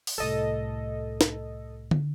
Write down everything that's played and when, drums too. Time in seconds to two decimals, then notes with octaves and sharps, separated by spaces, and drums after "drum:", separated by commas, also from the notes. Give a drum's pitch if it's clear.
0.07 drum: open hi-hat
0.18 C2 A2 A4 D#5
1.21 drum: snare
1.91 drum: tom D3